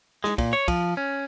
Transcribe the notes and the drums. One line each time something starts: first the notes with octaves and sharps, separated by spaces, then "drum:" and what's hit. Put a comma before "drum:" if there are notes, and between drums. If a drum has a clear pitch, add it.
G#3, drum: snare
A#2, drum: kick, cymbal
C#5
F3, drum: kick, cymbal
C#4